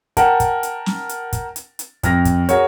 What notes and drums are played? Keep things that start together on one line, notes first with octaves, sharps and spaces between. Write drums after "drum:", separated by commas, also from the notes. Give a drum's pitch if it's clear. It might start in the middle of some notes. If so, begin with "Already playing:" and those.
A#4 F#5 G5 A5, drum: kick, hi-hat
drum: kick, hi-hat
drum: hi-hat
drum: snare
drum: hi-hat
drum: kick, hi-hat
drum: hi-hat
drum: hi-hat
F2 F6 A#6, drum: kick, hi-hat
drum: kick, hi-hat
F#4 G#4 A#4 C#5, drum: hi-hat